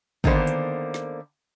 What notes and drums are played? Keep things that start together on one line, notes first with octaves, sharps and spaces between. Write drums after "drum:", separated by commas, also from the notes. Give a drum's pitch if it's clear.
D3 D#3 A#3 B3 C5 D5, drum: kick
drum: hi-hat
drum: snare